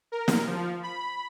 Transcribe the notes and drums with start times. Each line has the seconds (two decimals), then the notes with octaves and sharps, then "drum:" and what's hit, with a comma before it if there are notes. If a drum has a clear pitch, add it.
0.12 A#4
0.28 drum: snare
0.47 F3
0.83 B5